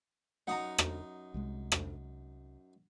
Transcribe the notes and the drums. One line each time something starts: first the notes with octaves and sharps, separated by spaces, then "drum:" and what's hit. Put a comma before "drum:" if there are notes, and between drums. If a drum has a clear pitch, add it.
F#2 D#4 F#5 A#5 D#6
drum: rim click
C2 C3 G#3
drum: rim click